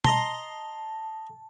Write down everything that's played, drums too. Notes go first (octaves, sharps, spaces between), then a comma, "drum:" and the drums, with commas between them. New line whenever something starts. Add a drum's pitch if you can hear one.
D#5 A5 A#5 C6, drum: tom